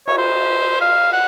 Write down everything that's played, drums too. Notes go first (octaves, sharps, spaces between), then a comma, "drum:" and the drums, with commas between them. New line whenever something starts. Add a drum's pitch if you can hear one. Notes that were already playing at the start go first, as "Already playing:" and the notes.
C#5, drum: cymbal
C5
F5
F#5